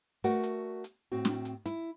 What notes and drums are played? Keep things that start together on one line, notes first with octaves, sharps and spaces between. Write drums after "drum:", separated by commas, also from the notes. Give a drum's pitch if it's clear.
A3 F#4 A#4 D5 F#5
drum: hi-hat
drum: hi-hat
A2 C4 F#4
drum: snare
drum: hi-hat
E4, drum: hi-hat